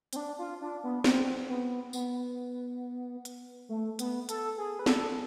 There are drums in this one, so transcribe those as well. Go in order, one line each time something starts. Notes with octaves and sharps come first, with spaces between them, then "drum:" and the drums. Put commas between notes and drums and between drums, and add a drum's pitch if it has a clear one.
C4, drum: hi-hat
D4
F4
D4
B3
C4, drum: snare
B3
B3, drum: tambourine
drum: hi-hat
A3
B3, drum: hi-hat
A4, drum: hi-hat
G#4
B4
A4, drum: snare